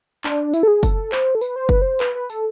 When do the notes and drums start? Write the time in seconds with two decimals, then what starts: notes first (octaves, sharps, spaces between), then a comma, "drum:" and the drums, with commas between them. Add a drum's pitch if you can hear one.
0.24 D4, drum: clap
0.54 E4, drum: tambourine
0.63 A4
0.68 G#4
0.83 A4, drum: kick, tambourine
1.12 C5, drum: clap
1.35 A4
1.41 B4, drum: tambourine
1.56 C5
1.69 B4, drum: kick
1.82 C5
2.00 B4, drum: clap
2.15 B4
2.30 A4, drum: tambourine